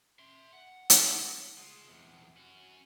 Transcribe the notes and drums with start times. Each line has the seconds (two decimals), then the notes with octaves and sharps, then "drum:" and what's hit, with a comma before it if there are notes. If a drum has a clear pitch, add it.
0.19 E5 C6
0.53 F#5
0.90 drum: hi-hat
1.58 G#3 F4
1.88 E2 C3
2.37 C#4 F#4